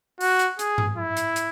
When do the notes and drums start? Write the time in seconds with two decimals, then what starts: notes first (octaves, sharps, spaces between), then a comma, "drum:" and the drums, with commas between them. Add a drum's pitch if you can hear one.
0.21 F#4, drum: open hi-hat
0.39 drum: hi-hat
0.59 G#4, drum: hi-hat
0.78 drum: tom G2
0.97 E4
1.17 drum: hi-hat
1.36 drum: hi-hat